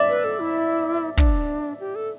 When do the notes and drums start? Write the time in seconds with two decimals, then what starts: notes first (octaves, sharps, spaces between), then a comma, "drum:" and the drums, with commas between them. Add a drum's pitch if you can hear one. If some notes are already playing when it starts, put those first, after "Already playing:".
Already playing: D5 E5
0.09 B4
0.24 A4
0.40 E4
1.17 D4, drum: kick
1.80 G4
1.95 A4